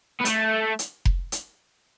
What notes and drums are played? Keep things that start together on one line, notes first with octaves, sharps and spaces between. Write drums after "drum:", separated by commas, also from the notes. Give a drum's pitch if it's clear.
B3
A3, drum: hi-hat
drum: hi-hat
drum: kick F1
drum: hi-hat